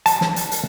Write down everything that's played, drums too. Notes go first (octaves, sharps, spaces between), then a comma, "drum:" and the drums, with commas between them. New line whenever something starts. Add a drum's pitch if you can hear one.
A5, drum: hi-hat
drum: snare
drum: hi-hat
drum: hi-hat